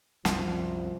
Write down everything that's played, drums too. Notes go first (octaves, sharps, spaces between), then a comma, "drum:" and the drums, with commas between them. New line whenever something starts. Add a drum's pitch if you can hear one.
C2 F#2 F3, drum: snare